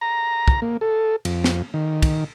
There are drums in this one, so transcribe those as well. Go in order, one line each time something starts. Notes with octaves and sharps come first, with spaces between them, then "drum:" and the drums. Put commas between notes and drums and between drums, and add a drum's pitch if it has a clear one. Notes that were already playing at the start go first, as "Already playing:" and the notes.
A#5
drum: kick
A#3
A4
F2, drum: cymbal
drum: snare
D#3
drum: kick, cymbal